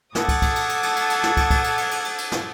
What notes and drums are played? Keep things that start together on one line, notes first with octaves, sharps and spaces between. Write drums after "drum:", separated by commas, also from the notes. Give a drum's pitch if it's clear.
A4 F#5 A5 D6 D#6 G#6, drum: snare
drum: kick, cymbal
drum: kick, cymbal
drum: cymbal
drum: cymbal
drum: cymbal
drum: cymbal
drum: cymbal
drum: snare
drum: kick, cymbal
drum: kick, cymbal
drum: cymbal
drum: cymbal
drum: cymbal
drum: cymbal
drum: cymbal
drum: snare